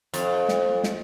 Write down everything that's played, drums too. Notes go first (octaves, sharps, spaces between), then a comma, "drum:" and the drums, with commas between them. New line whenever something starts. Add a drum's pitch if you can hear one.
F2, drum: hi-hat
drum: snare
drum: snare